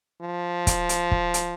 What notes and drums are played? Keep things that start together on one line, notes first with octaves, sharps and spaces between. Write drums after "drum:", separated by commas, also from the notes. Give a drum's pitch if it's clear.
F3
drum: kick, hi-hat
drum: hi-hat
drum: kick
drum: hi-hat